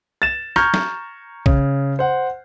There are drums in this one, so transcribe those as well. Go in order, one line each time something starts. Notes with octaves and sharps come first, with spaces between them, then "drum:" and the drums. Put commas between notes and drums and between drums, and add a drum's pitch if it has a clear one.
A6 E7
A#5 C#6 F6 G6 G#6, drum: rim click
drum: snare
C#3, drum: kick A#1
C5 F#5